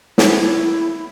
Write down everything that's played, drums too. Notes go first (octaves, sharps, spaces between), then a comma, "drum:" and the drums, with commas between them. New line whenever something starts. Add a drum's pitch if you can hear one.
E4, drum: snare